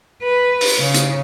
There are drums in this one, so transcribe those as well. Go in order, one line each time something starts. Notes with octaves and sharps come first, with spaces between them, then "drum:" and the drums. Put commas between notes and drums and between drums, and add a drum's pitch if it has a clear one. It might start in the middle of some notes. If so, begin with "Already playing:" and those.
B4
drum: open hi-hat
C#3
drum: hi-hat